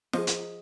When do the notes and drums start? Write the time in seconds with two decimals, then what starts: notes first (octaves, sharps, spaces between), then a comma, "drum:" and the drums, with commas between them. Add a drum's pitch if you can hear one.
0.13 F3 G#4 C5 D#5, drum: snare
0.27 drum: hi-hat